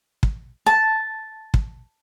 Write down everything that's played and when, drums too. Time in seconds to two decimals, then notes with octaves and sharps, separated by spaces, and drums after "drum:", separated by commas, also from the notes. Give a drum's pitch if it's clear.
0.23 drum: kick
0.66 A5
1.54 drum: kick